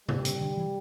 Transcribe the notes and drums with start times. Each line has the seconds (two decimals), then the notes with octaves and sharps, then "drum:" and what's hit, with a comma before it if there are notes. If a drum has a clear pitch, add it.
0.09 A2 G3, drum: tom C3
0.25 C3, drum: hi-hat
0.41 D3
0.57 E3